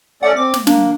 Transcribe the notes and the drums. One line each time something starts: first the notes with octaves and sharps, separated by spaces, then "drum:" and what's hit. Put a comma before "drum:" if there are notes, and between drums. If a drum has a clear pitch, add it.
A3 C#4 D5 F#5
C4 D6
drum: snare
A#3 D4, drum: snare